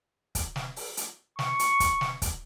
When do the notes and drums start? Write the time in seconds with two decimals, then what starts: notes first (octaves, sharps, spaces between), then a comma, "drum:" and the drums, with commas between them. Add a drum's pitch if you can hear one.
0.35 drum: kick, hi-hat
0.56 drum: snare
0.76 drum: open hi-hat
0.97 drum: hi-hat
1.39 C#6, drum: snare
1.59 drum: hi-hat
1.80 drum: kick, hi-hat
2.01 drum: snare
2.22 drum: kick, hi-hat